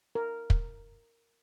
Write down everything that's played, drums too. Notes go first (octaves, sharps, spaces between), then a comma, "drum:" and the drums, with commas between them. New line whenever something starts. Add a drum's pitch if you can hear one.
A#4
drum: kick